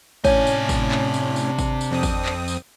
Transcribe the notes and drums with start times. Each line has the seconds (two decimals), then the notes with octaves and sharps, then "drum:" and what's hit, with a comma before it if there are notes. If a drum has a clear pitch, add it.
0.24 A2 C3 C#4 D4 C#5 G#5, drum: kick, tambourine
0.47 drum: tambourine
0.69 drum: kick, tambourine
0.91 drum: clap
1.14 drum: tambourine
1.36 drum: tambourine
1.58 drum: kick, tambourine
1.81 drum: tambourine
1.91 F2 C4 D#6
2.03 drum: kick, tambourine
2.25 drum: clap
2.48 drum: tambourine